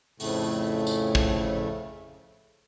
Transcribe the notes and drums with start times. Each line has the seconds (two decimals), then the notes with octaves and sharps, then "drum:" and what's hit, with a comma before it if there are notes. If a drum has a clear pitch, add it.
0.20 F2 A2 C#3 A3, drum: open hi-hat
0.87 drum: tambourine
1.15 drum: kick